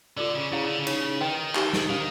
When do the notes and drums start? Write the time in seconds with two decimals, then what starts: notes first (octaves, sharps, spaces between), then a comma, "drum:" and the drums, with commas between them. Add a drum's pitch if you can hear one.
0.17 D3 F4 A4 D5
0.35 C#3
0.52 C#3 E4 G#4 C#5 F5 A#5
0.65 D3
0.78 C#3
0.87 D#4 G#4 C#5, drum: cymbal
1.21 D#3 B4 D#5 G5 C6
1.55 D#4 G4 A#4, drum: clap
1.73 drum: snare
1.90 D#3 D4 G4 C5 F5